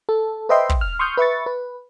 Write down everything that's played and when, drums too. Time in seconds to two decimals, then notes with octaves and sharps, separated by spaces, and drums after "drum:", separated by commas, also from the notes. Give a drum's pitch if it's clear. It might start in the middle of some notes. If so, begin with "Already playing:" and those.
0.09 A4
0.49 B4 C5 D#5 E5 G5 C6
0.69 drum: kick
0.81 F6
0.99 C6 C#6 D#6 F6 G6
1.17 B4 E5 C#6 A6
1.46 B4